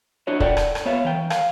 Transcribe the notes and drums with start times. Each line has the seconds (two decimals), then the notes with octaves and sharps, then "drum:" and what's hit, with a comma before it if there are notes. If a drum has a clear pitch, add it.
0.27 D4 E4 F#4 C#5 D#5
0.40 A4 D5 F#5 G5, drum: kick
0.57 drum: rim click
0.75 drum: rim click
0.86 B3 C#5 E5 F5
1.04 E3 G5
1.30 F5, drum: rim click